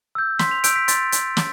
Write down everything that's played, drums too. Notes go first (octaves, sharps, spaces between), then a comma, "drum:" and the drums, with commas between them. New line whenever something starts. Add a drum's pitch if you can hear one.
E6 G6
C6 B6, drum: snare
F7
E6 G6 D7, drum: hi-hat
B6
C6 A6, drum: hi-hat
drum: hi-hat
drum: snare